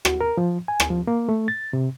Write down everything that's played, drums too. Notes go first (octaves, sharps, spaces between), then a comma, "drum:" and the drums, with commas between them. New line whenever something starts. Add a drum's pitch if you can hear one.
F#4, drum: rim click
A#4
F3
G#5
drum: rim click
F3
A#3
A3
A6
C3